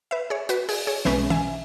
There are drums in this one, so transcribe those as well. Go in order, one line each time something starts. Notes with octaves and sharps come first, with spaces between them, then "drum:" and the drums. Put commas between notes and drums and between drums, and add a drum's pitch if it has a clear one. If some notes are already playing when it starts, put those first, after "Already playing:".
B4 E5
G#4 C#5
F#4 B4, drum: hi-hat
G#4, drum: open hi-hat
G#4 C#5
B1 B2 G#3 C#4 B4 E5, drum: snare
E5 G#5, drum: tom